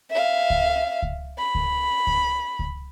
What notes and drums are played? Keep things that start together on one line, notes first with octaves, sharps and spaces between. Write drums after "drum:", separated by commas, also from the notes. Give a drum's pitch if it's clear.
E5 F5
drum: kick C#2
drum: kick C#2
B5
drum: kick C#2
drum: kick C#2
drum: kick C#2